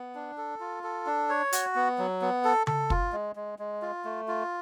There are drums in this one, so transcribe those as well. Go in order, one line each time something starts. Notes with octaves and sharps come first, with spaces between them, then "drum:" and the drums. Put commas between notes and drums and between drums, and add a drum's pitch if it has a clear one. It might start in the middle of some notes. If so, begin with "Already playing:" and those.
Already playing: B3
D4
A4
F4
A4
D4
C#5
F#4, drum: hi-hat
B3
F#3
B3
A4
A4, drum: tom C#3
F4, drum: kick
G#3
G#3
G#3
F4
A3
F4